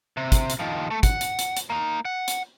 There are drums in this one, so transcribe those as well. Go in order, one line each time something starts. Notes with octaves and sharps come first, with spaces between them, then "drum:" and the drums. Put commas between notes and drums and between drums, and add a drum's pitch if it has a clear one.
C3
drum: kick, hi-hat
drum: hi-hat
D#3 F3
A3
F#5, drum: kick, hi-hat
drum: hi-hat
drum: hi-hat
drum: hi-hat
A#3 D#4
F#5
drum: hi-hat